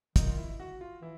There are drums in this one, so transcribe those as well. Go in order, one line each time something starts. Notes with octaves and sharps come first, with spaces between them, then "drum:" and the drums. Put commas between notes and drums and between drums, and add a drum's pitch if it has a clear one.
D#3 D#4, drum: kick, hi-hat
F4
E4
F#4
F4
E3 E4